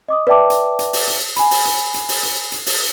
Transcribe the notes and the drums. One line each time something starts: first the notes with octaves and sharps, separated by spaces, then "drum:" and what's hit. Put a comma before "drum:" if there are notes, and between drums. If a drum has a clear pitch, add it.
D#5 D6 D#6
B4 D5 E5 G5 A5 D6
drum: hi-hat
drum: hi-hat
drum: open hi-hat
drum: hi-hat
G#5 B5, drum: hi-hat
drum: open hi-hat
drum: hi-hat
drum: hi-hat
drum: open hi-hat
drum: hi-hat
drum: hi-hat
drum: open hi-hat